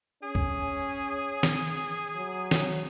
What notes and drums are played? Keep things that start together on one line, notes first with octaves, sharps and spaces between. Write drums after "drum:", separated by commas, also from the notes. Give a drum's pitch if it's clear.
C#4 G#4
drum: kick
drum: snare
F#3
drum: snare